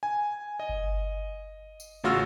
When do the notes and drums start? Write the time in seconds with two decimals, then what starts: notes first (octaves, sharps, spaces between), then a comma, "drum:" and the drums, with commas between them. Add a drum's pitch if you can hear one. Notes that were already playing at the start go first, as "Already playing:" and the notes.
0.03 G#5
0.60 D#5
0.69 drum: kick G1
1.80 drum: tambourine
2.04 A1 C#3 F4 F#4 E6 F6, drum: tom